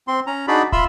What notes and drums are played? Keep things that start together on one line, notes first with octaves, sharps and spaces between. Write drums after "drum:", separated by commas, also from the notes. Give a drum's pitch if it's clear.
C4 C6
C#4 A#5
D4 D#4 F#4 G#4 D5 B5
F4 E5 B5 C6 E6, drum: kick